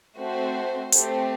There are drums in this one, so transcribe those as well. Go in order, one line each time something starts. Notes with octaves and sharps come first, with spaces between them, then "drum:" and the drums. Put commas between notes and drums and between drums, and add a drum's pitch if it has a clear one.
A3 C4 F#4 C5
A3 C4 G4, drum: hi-hat